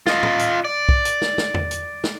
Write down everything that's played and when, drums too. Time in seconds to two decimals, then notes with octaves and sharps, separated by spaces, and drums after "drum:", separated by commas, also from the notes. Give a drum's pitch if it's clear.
0.06 F4 D#5, drum: snare
0.23 drum: tom
0.39 drum: hi-hat
0.65 D5
0.89 drum: kick B1
1.05 drum: hi-hat
1.22 drum: snare
1.38 drum: snare
1.54 drum: tom E2
1.71 drum: hi-hat
2.04 drum: snare